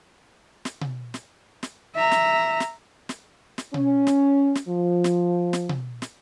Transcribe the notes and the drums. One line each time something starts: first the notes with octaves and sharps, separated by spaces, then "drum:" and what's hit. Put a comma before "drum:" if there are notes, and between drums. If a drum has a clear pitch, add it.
drum: snare
drum: tom B2
drum: snare
drum: snare
E5 A#5
drum: snare
drum: snare
drum: snare
drum: snare
C#4, drum: tom B2
drum: snare
drum: snare
F3
drum: snare
drum: snare
drum: tom B2
drum: snare